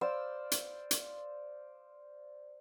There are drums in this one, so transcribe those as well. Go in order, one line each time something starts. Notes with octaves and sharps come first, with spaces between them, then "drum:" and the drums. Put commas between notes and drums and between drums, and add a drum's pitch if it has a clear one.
C5 D5 F5 E6
drum: hi-hat
drum: hi-hat